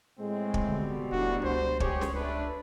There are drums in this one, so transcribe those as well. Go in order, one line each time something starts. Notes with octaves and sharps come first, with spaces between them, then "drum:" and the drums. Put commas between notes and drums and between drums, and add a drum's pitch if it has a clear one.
A2 G#3 C4
drum: kick
B2 D3 G3
E1 D2 A2 D4 F#4
C#2 C5
G4 G#4 C#5, drum: kick
drum: snare
A3 D4 B4